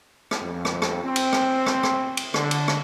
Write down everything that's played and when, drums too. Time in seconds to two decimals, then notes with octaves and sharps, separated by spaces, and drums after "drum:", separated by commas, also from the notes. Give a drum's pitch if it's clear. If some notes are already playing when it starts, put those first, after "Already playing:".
0.31 drum: rim click
0.41 F2
0.65 drum: rim click
0.82 drum: rim click
1.04 C4
1.16 drum: cymbal
1.33 drum: rim click
1.66 drum: rim click
1.83 drum: rim click
2.17 drum: cymbal
2.34 D3, drum: rim click
2.51 drum: cymbal
2.68 drum: rim click